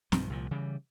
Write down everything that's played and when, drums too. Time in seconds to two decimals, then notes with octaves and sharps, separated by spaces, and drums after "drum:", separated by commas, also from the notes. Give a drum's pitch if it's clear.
0.12 B1 G2 D#3 F3, drum: snare
0.30 C2 A#2 F3
0.51 C#3 E3 G3